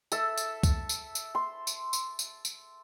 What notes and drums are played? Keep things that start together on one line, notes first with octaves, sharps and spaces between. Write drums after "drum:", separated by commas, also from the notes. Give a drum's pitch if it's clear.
A4 E5, drum: tambourine
drum: tambourine
drum: kick C2, tambourine
drum: tambourine
drum: tambourine
C6
drum: tambourine
drum: tambourine
drum: tambourine
drum: tambourine